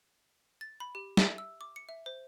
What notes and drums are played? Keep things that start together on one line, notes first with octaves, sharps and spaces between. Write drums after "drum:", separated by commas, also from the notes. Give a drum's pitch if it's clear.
A6
B5
G4
E5, drum: snare
E6
D6
C#7
E5
C5